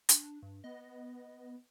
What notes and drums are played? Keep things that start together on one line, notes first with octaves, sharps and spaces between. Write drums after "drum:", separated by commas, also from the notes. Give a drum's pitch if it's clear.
D4, drum: hi-hat
G2
B3 D#5